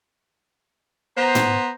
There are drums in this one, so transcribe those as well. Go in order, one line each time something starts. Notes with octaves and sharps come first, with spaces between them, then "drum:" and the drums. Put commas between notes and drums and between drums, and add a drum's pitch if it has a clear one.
B3 C5 A#5
drum: tom